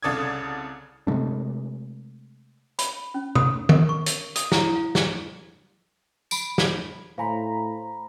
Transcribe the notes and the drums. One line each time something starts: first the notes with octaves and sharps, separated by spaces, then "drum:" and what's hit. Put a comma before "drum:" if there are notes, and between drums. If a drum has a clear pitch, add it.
C2 C#3 A4 D5 D#6 G#6
C3 G#3 A3 D4
B5, drum: hi-hat
C#4
D#6, drum: tom
A#4, drum: tom D#3
C#6
drum: hi-hat
D#6, drum: hi-hat
E4, drum: snare
F5
drum: snare
B5 D7, drum: tambourine
drum: snare
A2 C5 F5 G#5 A#5 B5